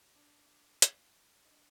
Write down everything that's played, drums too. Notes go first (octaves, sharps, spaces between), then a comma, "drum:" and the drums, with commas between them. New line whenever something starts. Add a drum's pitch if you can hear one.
D4
drum: hi-hat
D#4
D4